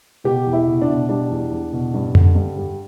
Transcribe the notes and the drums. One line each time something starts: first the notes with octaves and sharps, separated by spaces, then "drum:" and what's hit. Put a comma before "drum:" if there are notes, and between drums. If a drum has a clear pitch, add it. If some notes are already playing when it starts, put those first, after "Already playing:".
B2 G4
E2
E4
B2
D4
B2
G3 D4
E2
E2
B2
G2
D3, drum: tom F2
G2
G3